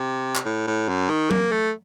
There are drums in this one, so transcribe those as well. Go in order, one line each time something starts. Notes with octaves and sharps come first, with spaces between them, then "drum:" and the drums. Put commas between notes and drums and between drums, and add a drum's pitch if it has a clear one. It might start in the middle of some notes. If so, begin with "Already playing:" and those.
Already playing: C3
drum: clap
A2
A2
F#2
D#3
A#3, drum: tom F#3
A3